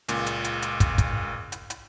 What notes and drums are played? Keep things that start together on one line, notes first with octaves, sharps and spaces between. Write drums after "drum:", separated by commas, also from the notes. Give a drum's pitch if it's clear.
C#2 A#2, drum: hi-hat
drum: hi-hat
drum: hi-hat
drum: hi-hat
drum: kick, hi-hat
drum: kick, hi-hat
drum: hi-hat
drum: hi-hat